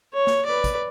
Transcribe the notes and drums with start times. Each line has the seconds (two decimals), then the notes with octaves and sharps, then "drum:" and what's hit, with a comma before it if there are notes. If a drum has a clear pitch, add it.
0.14 C#5
0.27 drum: snare A#3
0.45 B4 D5
0.64 drum: kick, hi-hat